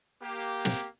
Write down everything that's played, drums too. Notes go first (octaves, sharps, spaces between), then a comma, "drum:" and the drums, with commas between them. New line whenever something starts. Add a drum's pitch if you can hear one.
A#3 G4
drum: snare